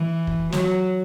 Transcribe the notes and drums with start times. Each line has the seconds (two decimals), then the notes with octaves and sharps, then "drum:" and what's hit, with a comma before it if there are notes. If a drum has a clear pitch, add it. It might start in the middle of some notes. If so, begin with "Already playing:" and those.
Already playing: E3
0.27 drum: kick
0.52 F#3, drum: snare